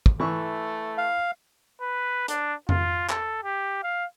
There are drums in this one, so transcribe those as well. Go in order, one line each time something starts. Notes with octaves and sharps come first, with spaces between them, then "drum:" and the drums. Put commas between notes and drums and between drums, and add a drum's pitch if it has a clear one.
drum: kick
E3 A3 C#6
F5
B4
D4, drum: hi-hat
F4, drum: tom F2
A4, drum: clap
G4
F5